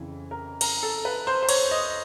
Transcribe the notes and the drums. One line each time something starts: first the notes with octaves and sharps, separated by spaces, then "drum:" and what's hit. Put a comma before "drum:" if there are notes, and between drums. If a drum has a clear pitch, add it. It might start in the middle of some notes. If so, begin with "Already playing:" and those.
Already playing: F2 C#3 E3
A#4
A#4, drum: cymbal
A4
B4
C5
C5
C#5, drum: cymbal
D#5